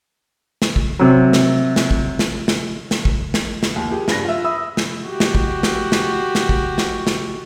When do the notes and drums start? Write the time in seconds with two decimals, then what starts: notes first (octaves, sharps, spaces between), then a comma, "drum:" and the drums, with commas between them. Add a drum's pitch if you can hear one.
0.62 drum: snare
0.76 drum: kick
0.99 C3 F#3
1.33 drum: snare
1.76 drum: snare
1.91 drum: kick
2.19 drum: snare
2.48 drum: snare
2.91 drum: snare
3.05 drum: kick
3.34 drum: snare
3.63 drum: snare
3.76 D#2
3.91 G4 G#4
4.08 G2 B4 A#6, drum: snare
4.25 F4 E5
4.44 E5 B5 D#6 E6
4.77 drum: snare
5.05 F#4 G4
5.20 drum: snare
5.35 drum: kick
5.63 drum: snare
5.92 drum: snare
6.35 drum: snare
6.49 drum: kick
6.78 drum: snare
7.07 drum: snare